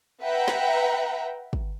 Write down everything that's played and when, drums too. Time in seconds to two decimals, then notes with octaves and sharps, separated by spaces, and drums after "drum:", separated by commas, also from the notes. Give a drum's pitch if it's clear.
0.21 B4 E5 F#5 G5 A#5
0.48 drum: snare
1.53 drum: kick